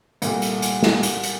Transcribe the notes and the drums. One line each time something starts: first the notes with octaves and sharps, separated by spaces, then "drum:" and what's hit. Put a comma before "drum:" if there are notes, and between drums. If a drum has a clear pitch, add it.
C2 A#2 A3, drum: hi-hat
drum: hi-hat
drum: hi-hat
drum: snare
drum: hi-hat
drum: hi-hat